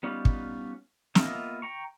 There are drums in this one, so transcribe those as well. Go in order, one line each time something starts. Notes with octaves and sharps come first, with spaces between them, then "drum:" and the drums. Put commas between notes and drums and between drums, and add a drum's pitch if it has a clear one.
G3 B3 C#4 D#4 F4
drum: kick
A#3 B3 F4 D#5 E5, drum: snare
G5 A#5 C#6